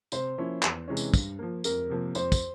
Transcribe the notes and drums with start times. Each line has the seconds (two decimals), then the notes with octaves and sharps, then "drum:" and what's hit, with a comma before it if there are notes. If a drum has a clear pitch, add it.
0.12 C3 C5, drum: tambourine
0.38 F3 A#3 C#4 E4
0.63 E2, drum: clap
0.88 C3 E3 G#3 C#4
0.97 drum: tambourine
1.14 G2, drum: kick, tambourine
1.39 F3 A#3
1.64 F2 A#4, drum: tambourine
1.90 C3 F3 A#3
2.15 F2 C5, drum: tambourine
2.32 drum: kick, tambourine